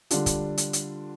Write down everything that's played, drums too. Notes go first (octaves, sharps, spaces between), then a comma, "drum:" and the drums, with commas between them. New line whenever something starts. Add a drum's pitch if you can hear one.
D3 G3 D4 F4, drum: hi-hat
drum: kick, hi-hat
drum: hi-hat
drum: hi-hat